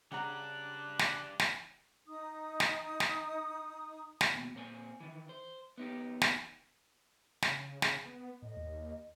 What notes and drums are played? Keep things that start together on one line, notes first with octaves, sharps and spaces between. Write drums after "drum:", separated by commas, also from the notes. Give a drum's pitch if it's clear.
C#3 G3 D4 F#5 A#5 F#6
drum: snare
drum: snare
D#4 D#6
drum: snare
drum: snare
drum: snare
D#2 B2
A#2 C4 C5 G#5
D#3 E3
C5
B3 D#4 G4
drum: snare
C#3, drum: snare
drum: snare
B3
A2 D#5
D#2